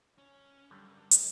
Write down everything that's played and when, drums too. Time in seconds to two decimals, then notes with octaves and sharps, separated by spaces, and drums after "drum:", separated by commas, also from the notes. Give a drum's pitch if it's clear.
0.18 C#4
0.71 G2 D3 F#3 G3
0.90 A#4
1.11 D2 D#3, drum: hi-hat